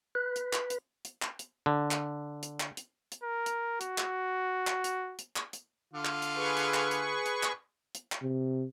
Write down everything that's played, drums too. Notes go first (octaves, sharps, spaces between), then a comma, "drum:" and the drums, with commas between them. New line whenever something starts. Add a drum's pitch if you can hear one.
B4
drum: hi-hat
drum: clap
drum: hi-hat
drum: hi-hat
drum: clap
drum: hi-hat
D3
drum: clap
drum: hi-hat
drum: clap
drum: hi-hat
drum: hi-hat
A#4
drum: hi-hat
F#4, drum: hi-hat
drum: clap
drum: clap
drum: hi-hat
drum: hi-hat
drum: clap
drum: hi-hat
D3 F4
drum: clap
drum: hi-hat
G#4 B4 C#6
drum: hi-hat
drum: clap
drum: hi-hat
drum: hi-hat
drum: clap
drum: hi-hat
drum: clap
C3